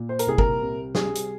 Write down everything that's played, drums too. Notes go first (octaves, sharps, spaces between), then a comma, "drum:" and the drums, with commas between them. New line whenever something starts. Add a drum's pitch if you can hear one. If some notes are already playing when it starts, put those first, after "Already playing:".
Already playing: A#2
C5
A#4, drum: hi-hat
C2 G#4
A#4, drum: kick
C3
G3 G#4, drum: snare
drum: hi-hat